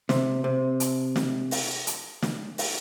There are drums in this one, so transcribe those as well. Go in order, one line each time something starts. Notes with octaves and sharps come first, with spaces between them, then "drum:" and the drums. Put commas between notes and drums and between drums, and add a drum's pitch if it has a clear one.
C3, drum: snare
C3
drum: hi-hat
drum: snare
drum: open hi-hat
drum: hi-hat
drum: snare
drum: open hi-hat